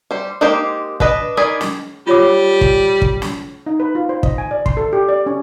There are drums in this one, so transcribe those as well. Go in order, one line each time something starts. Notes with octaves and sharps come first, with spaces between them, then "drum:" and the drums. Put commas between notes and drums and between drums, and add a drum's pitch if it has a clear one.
G3 C5
G#3 A#3 D#4 G4 C5
D4 B4 D#5, drum: kick
D#3 G#4 D5 G#5 B5
drum: snare
G3 F4 C#5 D6
drum: kick
drum: kick
drum: snare
D#4
B4
F4
C5
D#5, drum: kick
G#5
D5
C6, drum: kick
A4
G4
D5
C#4